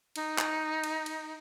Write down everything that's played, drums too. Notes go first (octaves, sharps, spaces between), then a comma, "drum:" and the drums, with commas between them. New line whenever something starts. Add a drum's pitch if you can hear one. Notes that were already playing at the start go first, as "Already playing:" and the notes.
D#4, drum: cymbal
drum: clap
drum: cymbal
drum: cymbal